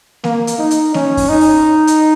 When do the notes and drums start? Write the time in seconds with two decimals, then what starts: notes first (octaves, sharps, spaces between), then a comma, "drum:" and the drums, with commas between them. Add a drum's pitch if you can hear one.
0.24 A#3, drum: snare A#3
0.47 drum: hi-hat
0.58 D#4
0.71 drum: hi-hat
0.94 C#4, drum: snare A#3
1.17 drum: kick F#2, open hi-hat
1.29 D#4
1.41 drum: open hi-hat
1.87 drum: hi-hat